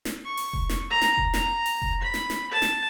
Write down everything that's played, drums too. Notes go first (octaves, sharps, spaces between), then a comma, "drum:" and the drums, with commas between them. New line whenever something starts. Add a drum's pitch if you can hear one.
drum: snare
C#6
drum: open hi-hat
drum: kick F1
drum: snare
A#5
drum: snare
drum: kick F1
A#5, drum: snare
drum: open hi-hat
drum: kick F1
B5
drum: snare
drum: snare
A5
drum: snare